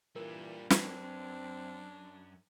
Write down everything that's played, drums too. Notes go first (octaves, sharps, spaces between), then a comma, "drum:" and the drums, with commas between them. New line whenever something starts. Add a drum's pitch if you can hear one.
A#2 E3 G3 D4 A#4
F#2 C4 D4 B4, drum: snare